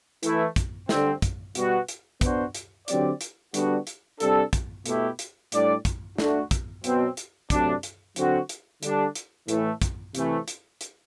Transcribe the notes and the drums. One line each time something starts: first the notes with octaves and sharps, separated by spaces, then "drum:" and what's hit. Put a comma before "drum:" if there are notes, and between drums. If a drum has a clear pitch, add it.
E3 A3 E4, drum: hi-hat
drum: kick, hi-hat
D3 G3 C4, drum: snare
drum: kick, hi-hat
B2 G3 B3 F#4, drum: hi-hat
drum: hi-hat
B3 D4 F#4 C5, drum: kick, hi-hat
drum: hi-hat
D3 F#3 C4 G4 D5, drum: hi-hat
drum: hi-hat
D3 G3 B3 D4 F#4, drum: hi-hat
drum: hi-hat
C3 G3 D4 A4, drum: hi-hat
drum: kick, hi-hat
B2 A3 E4 G4, drum: hi-hat
drum: hi-hat
A2 G3 D4 G4 D5, drum: hi-hat
drum: kick, hi-hat
A3 D4 F#4, drum: snare
drum: kick, hi-hat
B2 F#3 C4, drum: hi-hat
drum: hi-hat
C3 F#3 A3 D4, drum: kick, hi-hat
drum: hi-hat
D3 F#3 C4 F#4, drum: hi-hat
drum: hi-hat
D3 G3 D4, drum: hi-hat
drum: hi-hat
A2 E3 A3, drum: hi-hat
drum: kick, hi-hat
C3 E3 A3, drum: hi-hat
drum: hi-hat
drum: hi-hat